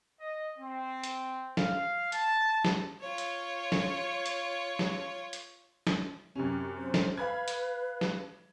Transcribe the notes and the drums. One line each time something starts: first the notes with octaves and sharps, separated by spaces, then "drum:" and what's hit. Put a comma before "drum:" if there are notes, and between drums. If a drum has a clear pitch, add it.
D#5
C4
drum: hi-hat
F5, drum: snare
A5, drum: hi-hat
drum: snare
F4 C#5
drum: hi-hat
drum: snare
drum: hi-hat
drum: snare
drum: hi-hat
drum: snare
F#2 C3 C#4 G4
C5
drum: snare
B4 F5 B5 G#6
drum: hi-hat
drum: snare